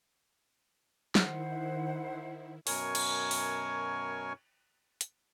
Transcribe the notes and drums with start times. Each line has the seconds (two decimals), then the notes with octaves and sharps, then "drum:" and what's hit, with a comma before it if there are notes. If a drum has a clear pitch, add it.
1.15 D#3 E4 C5 F#5, drum: snare
2.67 F#2 B2 A#4 C#5 G#5 C#6, drum: open hi-hat
2.95 drum: cymbal
3.31 drum: open hi-hat
5.01 drum: hi-hat